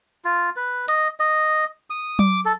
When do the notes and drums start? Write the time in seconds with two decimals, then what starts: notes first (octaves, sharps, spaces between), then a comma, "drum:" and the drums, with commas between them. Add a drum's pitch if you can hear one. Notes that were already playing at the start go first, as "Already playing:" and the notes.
0.25 F4
0.56 B4
0.88 D#5, drum: hi-hat
1.20 D#5
1.90 D#6
2.19 D6, drum: tom F#3
2.45 A4